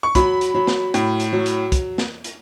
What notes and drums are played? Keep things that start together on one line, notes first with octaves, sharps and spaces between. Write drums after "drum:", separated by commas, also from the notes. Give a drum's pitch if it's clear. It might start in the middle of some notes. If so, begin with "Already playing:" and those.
C#6
F#3 B5, drum: kick, hi-hat
drum: hi-hat
F#3
drum: snare
A2, drum: hi-hat
drum: hi-hat
F#3
drum: hi-hat
drum: kick, hi-hat
drum: snare
drum: hi-hat